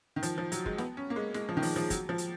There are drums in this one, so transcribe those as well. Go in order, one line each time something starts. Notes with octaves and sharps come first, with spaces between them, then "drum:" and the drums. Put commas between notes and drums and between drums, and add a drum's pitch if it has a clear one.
D#3
F3, drum: hi-hat
F3
F#3, drum: hi-hat
G#3, drum: kick
B3, drum: snare
C#4
A#3
G#3
G#3, drum: snare
F3
D#3
F3, drum: open hi-hat
F3
F#3, drum: kick, hi-hat
F3
drum: hi-hat